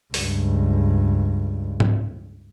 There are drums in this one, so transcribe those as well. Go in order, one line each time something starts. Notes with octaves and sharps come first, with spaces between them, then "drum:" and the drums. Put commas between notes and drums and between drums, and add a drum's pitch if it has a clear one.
C#2 G2, drum: open hi-hat
drum: tom G#2